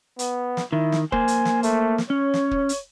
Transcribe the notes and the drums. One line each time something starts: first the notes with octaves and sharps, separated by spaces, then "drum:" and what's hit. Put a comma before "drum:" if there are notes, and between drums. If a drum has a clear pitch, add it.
B3, drum: hi-hat
drum: snare
D#3 E4
drum: snare
A#3 C5 G#5, drum: kick
drum: hi-hat
drum: snare
A3, drum: hi-hat
drum: snare
C#4 C#5
drum: snare
drum: kick
drum: hi-hat